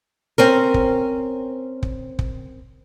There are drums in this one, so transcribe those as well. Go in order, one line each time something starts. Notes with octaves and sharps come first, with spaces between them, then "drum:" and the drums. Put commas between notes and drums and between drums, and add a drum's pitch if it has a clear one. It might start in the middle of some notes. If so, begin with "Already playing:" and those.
C4 C#4 A#4
drum: kick
drum: kick
drum: kick